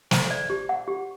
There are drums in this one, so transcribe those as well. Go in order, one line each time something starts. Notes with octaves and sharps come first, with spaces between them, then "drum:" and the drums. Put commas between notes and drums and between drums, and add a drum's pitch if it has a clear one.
C5, drum: snare
D5
G4
F#5
G4